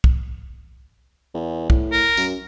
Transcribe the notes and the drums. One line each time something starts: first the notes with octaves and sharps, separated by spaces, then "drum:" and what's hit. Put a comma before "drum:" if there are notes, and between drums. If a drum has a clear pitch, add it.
drum: kick
E2
A2, drum: kick
A#4
F#2, drum: tambourine